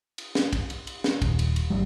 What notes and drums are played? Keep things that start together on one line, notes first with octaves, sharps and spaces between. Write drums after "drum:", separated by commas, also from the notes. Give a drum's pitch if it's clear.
drum: cymbal
drum: snare
drum: kick, cymbal
drum: cymbal
drum: cymbal
drum: snare
D#1, drum: kick, cymbal
drum: cymbal
drum: cymbal
G#1 E3 F#3 G3